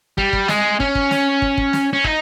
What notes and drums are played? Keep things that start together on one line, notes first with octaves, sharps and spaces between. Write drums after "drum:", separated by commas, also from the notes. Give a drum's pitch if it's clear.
G3, drum: kick
drum: kick
G#3, drum: snare
C#4, drum: kick
drum: kick
drum: snare
drum: kick
drum: kick
drum: snare
C#4
D#4, drum: kick